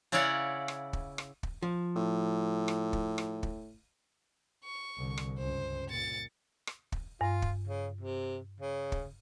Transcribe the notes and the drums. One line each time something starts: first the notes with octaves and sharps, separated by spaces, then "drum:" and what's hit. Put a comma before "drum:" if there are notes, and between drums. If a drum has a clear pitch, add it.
C#3 C#4 E4 D5 F5 F#5
drum: rim click
drum: kick
drum: rim click
drum: kick
F3
A2
drum: rim click
drum: kick
drum: rim click
drum: kick
C#6
C2 D3
drum: rim click
C#2 G2 C5
A#2 A6 C#7
drum: rim click
drum: kick
G2 F4
drum: kick
C#3
C3
C#3
drum: kick